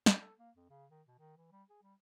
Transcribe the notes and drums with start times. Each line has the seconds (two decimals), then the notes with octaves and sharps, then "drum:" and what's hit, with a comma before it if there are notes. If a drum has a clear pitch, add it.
0.06 F2, drum: snare
0.20 A4
0.39 A#3
0.57 F2
0.70 C#3
0.91 D#3
1.07 B2
1.19 D#3
1.37 E3
1.52 G3
1.70 G#4
1.82 G3